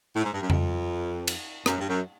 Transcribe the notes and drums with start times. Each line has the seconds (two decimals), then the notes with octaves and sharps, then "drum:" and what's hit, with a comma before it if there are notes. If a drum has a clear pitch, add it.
0.16 A2
0.23 G#2
0.33 G2
0.41 F#2
0.50 F2, drum: tom F2
1.28 drum: cymbal
1.66 F#2, drum: rim click
1.78 G2
1.89 F#2